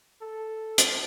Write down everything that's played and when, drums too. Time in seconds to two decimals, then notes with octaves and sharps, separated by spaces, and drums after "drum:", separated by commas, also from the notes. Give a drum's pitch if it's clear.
0.21 A4
0.78 drum: hi-hat